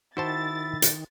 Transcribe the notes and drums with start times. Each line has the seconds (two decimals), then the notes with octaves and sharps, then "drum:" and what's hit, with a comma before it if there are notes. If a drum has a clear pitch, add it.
0.17 D#3 E4 F#4 C5 A5 A6
0.82 drum: hi-hat